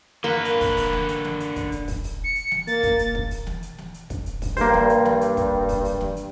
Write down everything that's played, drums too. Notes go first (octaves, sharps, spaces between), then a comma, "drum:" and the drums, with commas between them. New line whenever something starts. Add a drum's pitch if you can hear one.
D3 A#3 B4
drum: hi-hat
drum: kick, open hi-hat
drum: open hi-hat
drum: snare
drum: hi-hat
drum: snare
drum: hi-hat
drum: kick, hi-hat
drum: hi-hat
drum: kick, open hi-hat
drum: open hi-hat
C#7
drum: hi-hat
drum: snare
A#3 A6, drum: hi-hat
drum: kick, hi-hat
drum: hi-hat
drum: kick
drum: open hi-hat
drum: snare
drum: hi-hat
drum: snare
drum: hi-hat
drum: kick, hi-hat
drum: hi-hat
drum: kick, open hi-hat
G2 A#3 C5, drum: open hi-hat
drum: snare
drum: hi-hat
drum: snare
drum: hi-hat
drum: kick, hi-hat
drum: kick, open hi-hat
drum: open hi-hat
drum: snare
drum: hi-hat